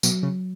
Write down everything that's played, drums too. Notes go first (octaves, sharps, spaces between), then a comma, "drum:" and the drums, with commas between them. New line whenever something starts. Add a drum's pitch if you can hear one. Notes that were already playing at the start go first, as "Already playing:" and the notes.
B2 F#3, drum: tambourine
C#3